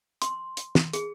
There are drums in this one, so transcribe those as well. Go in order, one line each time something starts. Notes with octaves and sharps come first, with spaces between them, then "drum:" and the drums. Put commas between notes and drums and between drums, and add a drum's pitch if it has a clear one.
C6, drum: hi-hat
drum: hi-hat
drum: snare
G#4, drum: hi-hat